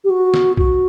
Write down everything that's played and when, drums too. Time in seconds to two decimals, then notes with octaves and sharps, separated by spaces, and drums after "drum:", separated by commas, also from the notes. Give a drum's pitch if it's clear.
0.04 G4
0.10 F#4
0.34 drum: snare
0.57 F#4, drum: kick B1